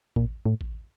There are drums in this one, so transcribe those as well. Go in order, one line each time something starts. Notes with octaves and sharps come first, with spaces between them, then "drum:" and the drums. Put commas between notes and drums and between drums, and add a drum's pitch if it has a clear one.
A#2, drum: kick A1
A2
drum: kick A1